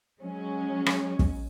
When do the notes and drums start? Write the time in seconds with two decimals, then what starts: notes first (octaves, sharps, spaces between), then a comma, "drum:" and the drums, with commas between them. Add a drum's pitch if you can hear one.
0.21 F#3 G#3 C#4
0.86 drum: rim click
1.19 drum: kick